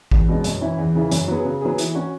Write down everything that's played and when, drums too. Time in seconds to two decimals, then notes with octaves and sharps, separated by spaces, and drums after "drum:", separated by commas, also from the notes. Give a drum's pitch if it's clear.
0.11 E2, drum: kick G#1
0.28 B2 G#3 C#4
0.44 F#2, drum: hi-hat
0.61 E3 C#4 E4
0.79 E2
0.95 C#3 E3
1.11 F#2, drum: hi-hat
1.28 F#3 B3 G#4
1.45 C#3
1.61 F#3 B3 G#4
1.78 E3, drum: hi-hat
1.95 C#4 F#4